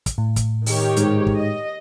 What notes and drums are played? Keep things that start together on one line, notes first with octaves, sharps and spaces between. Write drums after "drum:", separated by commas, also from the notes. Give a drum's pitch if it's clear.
drum: kick, hi-hat
A2
drum: kick, hi-hat
D#3 G4 C#5, drum: open hi-hat
G#2, drum: hi-hat
drum: kick
D#5